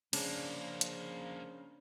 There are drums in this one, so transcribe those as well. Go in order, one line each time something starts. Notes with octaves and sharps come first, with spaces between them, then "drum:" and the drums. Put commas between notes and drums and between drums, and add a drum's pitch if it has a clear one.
C#3 F3 A#3 C#4 D4, drum: cymbal
drum: hi-hat